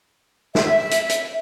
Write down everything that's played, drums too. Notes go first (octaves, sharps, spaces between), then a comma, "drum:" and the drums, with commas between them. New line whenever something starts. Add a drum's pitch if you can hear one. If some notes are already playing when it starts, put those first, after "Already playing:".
E5, drum: snare
drum: hi-hat
drum: hi-hat